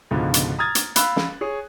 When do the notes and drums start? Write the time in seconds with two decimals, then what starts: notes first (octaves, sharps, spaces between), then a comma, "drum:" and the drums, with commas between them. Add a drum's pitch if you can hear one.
0.11 C#2 G#2 B2 D3 F3
0.34 drum: hi-hat
0.59 A#5 D#6 F6 G#6 A6
0.75 drum: hi-hat
0.96 F5 B5 E6 F#6, drum: hi-hat
1.16 drum: snare
1.41 G#4 C#5